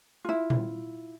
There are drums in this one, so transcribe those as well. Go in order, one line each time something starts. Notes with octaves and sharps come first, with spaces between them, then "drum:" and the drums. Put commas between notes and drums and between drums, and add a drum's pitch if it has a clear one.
E4 F4
drum: tom A#2